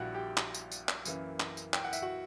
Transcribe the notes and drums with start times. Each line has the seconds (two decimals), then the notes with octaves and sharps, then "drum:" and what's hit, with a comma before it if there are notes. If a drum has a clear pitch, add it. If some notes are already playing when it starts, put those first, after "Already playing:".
Already playing: A#1 A#2 G3 E4 F#4 E5 F#5 G5
0.14 G4 G5
0.37 drum: clap
0.54 drum: tambourine
0.72 drum: tambourine
0.89 drum: clap
1.05 F#2 E3 A#3, drum: tambourine
1.40 drum: clap
1.57 drum: tambourine
1.74 G5, drum: clap
1.84 F#5
1.93 E5, drum: tambourine
2.02 F#4 F#5